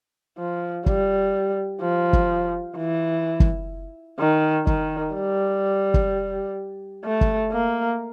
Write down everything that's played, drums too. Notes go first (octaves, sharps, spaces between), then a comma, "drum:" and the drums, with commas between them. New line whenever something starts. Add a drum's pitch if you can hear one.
F3
G3, drum: kick F#1
F3
drum: kick F#1
E3
drum: kick F#1
D#3
D#3, drum: kick F#1
G3
drum: kick F#1
A3
drum: kick F#1
A#3